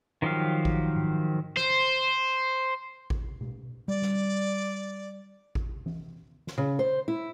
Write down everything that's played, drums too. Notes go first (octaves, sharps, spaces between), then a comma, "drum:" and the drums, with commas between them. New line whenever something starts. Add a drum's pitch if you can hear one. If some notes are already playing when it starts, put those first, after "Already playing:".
D#3 F3 F#3 G4 F5
drum: kick A1
drum: tom G#2
C5, drum: snare
drum: kick A1
drum: tom B2
G3 D5
drum: snare
drum: kick A1
drum: tom E3
drum: snare
C#3
C5
E4